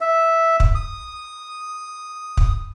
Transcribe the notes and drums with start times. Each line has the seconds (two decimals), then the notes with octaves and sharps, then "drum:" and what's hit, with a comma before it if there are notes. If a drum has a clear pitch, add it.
0.01 E5
0.60 drum: kick
0.75 D#6
2.37 drum: kick